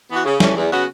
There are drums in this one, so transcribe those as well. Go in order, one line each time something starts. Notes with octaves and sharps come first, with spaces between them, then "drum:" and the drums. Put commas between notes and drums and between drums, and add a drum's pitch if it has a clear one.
E3 B3 F#4
C#3
E3 A3 C#4, drum: snare
E2
C#3 F#3 B3 F#4